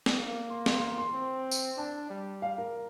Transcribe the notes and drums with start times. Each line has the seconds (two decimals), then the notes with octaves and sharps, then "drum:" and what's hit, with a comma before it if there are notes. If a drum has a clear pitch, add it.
0.06 drum: snare
0.18 A#3
0.50 C6
0.66 C6, drum: snare
0.82 C6
0.98 C6
1.14 C4
1.51 drum: tambourine
1.77 D4 A5
2.10 G3
2.42 F5
2.58 A#4